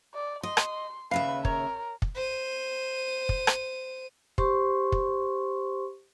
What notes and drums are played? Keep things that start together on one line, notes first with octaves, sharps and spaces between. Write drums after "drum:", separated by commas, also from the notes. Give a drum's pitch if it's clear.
D5
D#5 C6
drum: rim click
D#2 C#3 B4 E5 F5
A#4 C#5, drum: kick
drum: kick
C5 D#7
drum: kick
drum: rim click
G4 C5 C6 C#6, drum: kick
drum: kick